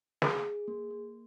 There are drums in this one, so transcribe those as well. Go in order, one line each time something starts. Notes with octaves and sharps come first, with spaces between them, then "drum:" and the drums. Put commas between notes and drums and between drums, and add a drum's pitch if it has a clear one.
G#4, drum: snare
G#4
A#3
A#3